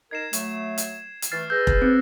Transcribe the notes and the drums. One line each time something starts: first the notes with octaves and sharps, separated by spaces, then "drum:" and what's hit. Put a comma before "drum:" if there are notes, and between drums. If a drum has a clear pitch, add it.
D#4 A#4 G#6 C7 E7
F#3 A3, drum: hi-hat
drum: hi-hat
drum: hi-hat
E3 A3 F6 A6 C7
G#4 B4 E6 G6 A#6
drum: kick F1
C4